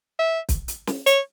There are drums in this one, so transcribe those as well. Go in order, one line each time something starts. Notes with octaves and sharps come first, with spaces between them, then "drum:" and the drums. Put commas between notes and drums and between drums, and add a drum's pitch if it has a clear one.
E5
drum: kick, hi-hat
drum: hi-hat
drum: snare
C#5, drum: hi-hat